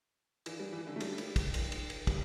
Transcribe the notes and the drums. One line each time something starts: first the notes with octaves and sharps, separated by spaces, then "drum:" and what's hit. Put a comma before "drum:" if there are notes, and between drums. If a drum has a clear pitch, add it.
E3, drum: cymbal
G3
E3
D3
A3
G3, drum: cymbal
drum: cymbal
drum: kick, cymbal
drum: cymbal
drum: cymbal
drum: cymbal
G3, drum: kick, cymbal